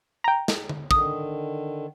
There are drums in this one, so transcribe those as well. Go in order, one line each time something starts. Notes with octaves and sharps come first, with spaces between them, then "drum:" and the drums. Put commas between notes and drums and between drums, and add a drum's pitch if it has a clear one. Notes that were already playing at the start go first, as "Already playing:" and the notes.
G5 A#5
drum: snare
drum: tom D3
D3 D#3 D#6, drum: kick